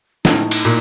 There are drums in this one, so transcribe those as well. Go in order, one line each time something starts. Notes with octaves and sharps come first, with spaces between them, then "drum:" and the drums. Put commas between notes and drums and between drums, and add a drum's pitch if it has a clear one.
A2 D#4, drum: snare
drum: cymbal
A#2